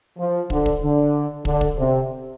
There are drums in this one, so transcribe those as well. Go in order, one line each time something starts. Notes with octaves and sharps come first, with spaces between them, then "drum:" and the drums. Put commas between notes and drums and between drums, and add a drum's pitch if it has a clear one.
F3
D3, drum: kick
drum: kick
D3
D3, drum: kick
drum: kick
C3